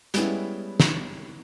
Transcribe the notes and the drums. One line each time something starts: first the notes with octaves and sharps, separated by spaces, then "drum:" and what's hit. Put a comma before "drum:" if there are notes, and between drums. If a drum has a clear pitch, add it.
G3 G#3 B3 C#4 E4, drum: hi-hat
drum: snare